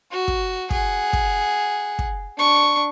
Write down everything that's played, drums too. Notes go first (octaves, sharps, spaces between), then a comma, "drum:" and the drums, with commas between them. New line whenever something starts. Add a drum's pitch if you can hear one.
F#4
drum: kick
G#4 F#5, drum: kick
drum: kick
drum: kick
D4 C#6